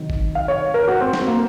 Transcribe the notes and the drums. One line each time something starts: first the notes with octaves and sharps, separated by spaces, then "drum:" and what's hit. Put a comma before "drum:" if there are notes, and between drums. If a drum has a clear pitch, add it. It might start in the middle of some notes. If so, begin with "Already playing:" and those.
Already playing: C3 D#3 F#3
drum: kick
F5
C#5
A#4
F#4
C4
C4, drum: snare
A#3